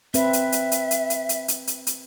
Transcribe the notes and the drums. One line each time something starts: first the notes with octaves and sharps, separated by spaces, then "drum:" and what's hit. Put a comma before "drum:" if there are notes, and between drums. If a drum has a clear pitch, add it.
C4 B4 E5, drum: hi-hat
drum: hi-hat
drum: hi-hat
drum: hi-hat
drum: hi-hat
drum: hi-hat
drum: hi-hat
drum: hi-hat
drum: hi-hat
drum: hi-hat